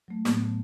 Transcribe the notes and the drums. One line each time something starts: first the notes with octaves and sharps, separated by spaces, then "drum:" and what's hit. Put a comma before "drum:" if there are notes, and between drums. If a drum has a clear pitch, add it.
F#3 A3
A2 B3, drum: snare
F#3 A3